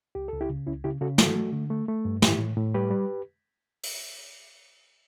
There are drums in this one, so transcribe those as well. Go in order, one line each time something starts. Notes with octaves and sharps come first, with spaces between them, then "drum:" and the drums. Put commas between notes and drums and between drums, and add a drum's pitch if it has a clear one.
C#2 G4
C#2 A4
E4 G4
C#3
C#2 C#4 E4
C#3 E4 G4
C#3 F#4 A4
F#3 F#4 A4, drum: snare
A3
D3
A3
A3
G2
A2 E4 G4, drum: snare
A2
A2
G3 G4 B4
G3
drum: open hi-hat